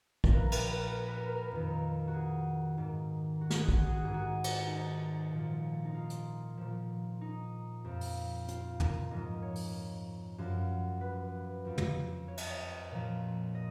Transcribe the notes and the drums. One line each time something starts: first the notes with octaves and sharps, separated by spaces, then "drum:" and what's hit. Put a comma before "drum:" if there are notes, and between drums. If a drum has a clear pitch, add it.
A#2 F3 A#4, drum: kick
B4
A#4
B4, drum: cymbal
A#4
B4
A#4
B4
A#4
B4
A#4
B4
A#4
F2 D#3
F#4
G#4
G#2 D#3
F#4
G#4, drum: snare
F#4
G#4, drum: kick
F#4
G#4
F#4
G#2 D#3 G#4
F#4
drum: cymbal
D#4
A#2 F3
D#4
F4
drum: hi-hat
A#2 F3
D#4
F2 F3
drum: open hi-hat
F4, drum: hi-hat
F4
A#4, drum: tom
G#2 F3 D#5
C#5
drum: open hi-hat
F#2 F3
B4
F2 F3
drum: tom
C#5
D#5, drum: cymbal
C#5
A#2 F3
D#5